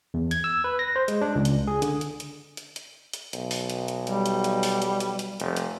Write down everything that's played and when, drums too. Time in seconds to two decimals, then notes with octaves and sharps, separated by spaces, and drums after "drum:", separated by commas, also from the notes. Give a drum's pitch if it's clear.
0.14 E2
0.31 G#6, drum: hi-hat
0.44 E6
0.64 B4
0.79 A#6
0.96 C5
1.08 G#3, drum: hi-hat
1.21 D4
1.36 C#2
1.45 drum: hi-hat
1.67 G#4
1.82 D3, drum: hi-hat
2.01 drum: hi-hat
2.20 drum: hi-hat
2.57 drum: hi-hat
2.76 drum: hi-hat
3.13 drum: hi-hat
3.33 B1, drum: hi-hat
3.51 drum: open hi-hat
3.70 drum: hi-hat
3.88 drum: hi-hat
4.07 G3, drum: hi-hat
4.26 drum: hi-hat
4.44 drum: hi-hat
4.63 drum: open hi-hat
4.82 drum: hi-hat
5.00 drum: hi-hat
5.19 drum: hi-hat
5.40 F1, drum: hi-hat
5.56 drum: hi-hat